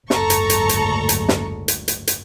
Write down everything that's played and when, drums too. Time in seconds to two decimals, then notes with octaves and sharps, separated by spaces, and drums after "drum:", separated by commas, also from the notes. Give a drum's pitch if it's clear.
0.10 F#1 D2 G#2 A4 A#5 C#6, drum: snare
0.30 drum: hi-hat
0.50 drum: hi-hat
0.69 drum: hi-hat
1.09 drum: hi-hat
1.29 drum: snare
1.68 drum: hi-hat
1.88 drum: hi-hat
2.07 drum: hi-hat